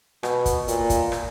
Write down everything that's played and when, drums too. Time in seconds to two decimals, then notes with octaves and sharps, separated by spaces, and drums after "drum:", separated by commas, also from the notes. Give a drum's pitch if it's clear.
0.23 B2, drum: rim click
0.46 drum: kick, hi-hat
0.68 A#2, drum: hi-hat
0.90 drum: kick, hi-hat
1.12 drum: rim click